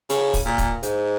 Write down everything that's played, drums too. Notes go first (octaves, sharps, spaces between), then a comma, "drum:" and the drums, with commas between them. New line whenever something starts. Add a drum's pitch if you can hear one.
C#3, drum: hi-hat
drum: kick, open hi-hat
A#2
drum: kick, hi-hat
G#2, drum: hi-hat